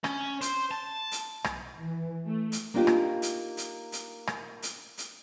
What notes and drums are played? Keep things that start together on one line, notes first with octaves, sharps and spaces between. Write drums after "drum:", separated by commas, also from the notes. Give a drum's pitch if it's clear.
C#4, drum: rim click
C5, drum: hi-hat
A5
drum: hi-hat
B1, drum: rim click
E3
A3
drum: hi-hat
A#3 D4 D#4 F4 G4
drum: rim click
drum: hi-hat
drum: hi-hat
drum: hi-hat
drum: rim click
drum: hi-hat
drum: hi-hat